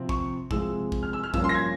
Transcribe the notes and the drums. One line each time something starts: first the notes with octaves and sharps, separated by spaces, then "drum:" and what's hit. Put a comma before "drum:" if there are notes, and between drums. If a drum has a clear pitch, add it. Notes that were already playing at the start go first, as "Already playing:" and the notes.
Already playing: C3 F3 C4
C#6, drum: kick
C3 F3 G#3 C4 E6, drum: kick
drum: kick
F6
E6
F6
G2 F3 A#3 C#4 E6, drum: kick
C6
A#6
G#6